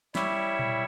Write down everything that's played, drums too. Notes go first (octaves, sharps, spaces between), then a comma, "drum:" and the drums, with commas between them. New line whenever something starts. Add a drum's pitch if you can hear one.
G3 E4 C#5 E5, drum: snare
drum: tom A#2